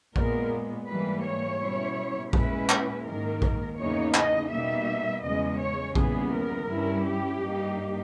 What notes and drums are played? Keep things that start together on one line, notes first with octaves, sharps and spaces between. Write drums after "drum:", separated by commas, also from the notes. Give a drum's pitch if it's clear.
A#2 G#3 B3 A#4, drum: kick A#1
G#2 E3 G3 A#3 B4
C#5
B2 G3 C#4 E4
A#2 G#3 C#4 E4 B4, drum: kick A#1
drum: clap
G#2 D#3 A#3 A#4
drum: kick A#1
E2 C#3 E3 A#3 D#4 C#5
D#5, drum: clap
B2 G3 A#3 D#4 E5
E2 C#3 G#3 D#5
C#5
D#2 C#3 E3 G3 B3 G#4, drum: kick A#1
A#4
G2 G3 C#4 E4
G4
G2 G3 A#3 D#4